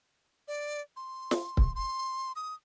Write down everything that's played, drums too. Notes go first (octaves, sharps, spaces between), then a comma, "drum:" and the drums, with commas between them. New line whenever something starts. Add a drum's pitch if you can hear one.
D5
C6
drum: snare
drum: kick C#1
C6
D#6